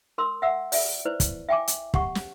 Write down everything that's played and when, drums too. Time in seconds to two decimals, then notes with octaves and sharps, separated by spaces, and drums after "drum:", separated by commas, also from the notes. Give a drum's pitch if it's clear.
0.18 A#4 C6 E6
0.42 E5 F#5 E6
0.72 D5 E5, drum: open hi-hat
1.05 E4 B4 C5 D5
1.20 drum: kick, hi-hat
1.49 E5 G5 G#5 D6
1.68 drum: hi-hat
1.94 G4 F#5 C#6, drum: kick
2.15 drum: snare